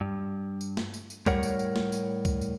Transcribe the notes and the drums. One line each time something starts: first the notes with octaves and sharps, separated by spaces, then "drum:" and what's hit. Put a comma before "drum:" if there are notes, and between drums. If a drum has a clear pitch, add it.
G2
drum: tambourine
drum: snare
drum: tambourine
drum: tambourine
A2 G3 A#4 C#5 F#5, drum: kick, tambourine
drum: tambourine
drum: tambourine
drum: snare
drum: tambourine
drum: kick, tambourine
drum: tambourine